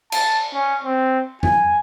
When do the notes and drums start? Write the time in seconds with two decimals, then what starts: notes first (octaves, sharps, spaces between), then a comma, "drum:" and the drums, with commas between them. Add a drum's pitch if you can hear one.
0.12 A5, drum: cymbal
0.54 C#4
0.85 C4
1.43 G#5, drum: tom F2